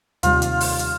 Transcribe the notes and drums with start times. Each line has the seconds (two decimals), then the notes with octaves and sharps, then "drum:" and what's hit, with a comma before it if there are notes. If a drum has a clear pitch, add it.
0.23 D#2 C3 G3 F4, drum: hi-hat
0.42 drum: hi-hat
0.60 drum: open hi-hat
0.79 drum: hi-hat